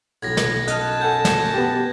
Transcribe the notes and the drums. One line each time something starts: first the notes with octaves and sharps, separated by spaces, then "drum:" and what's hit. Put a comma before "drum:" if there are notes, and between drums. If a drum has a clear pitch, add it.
B1 A2 G#6 A#6
drum: snare
F#2 D#5 A5 F6 F#6, drum: hi-hat
A4 F#5 G#5 G6
drum: snare
B3 G4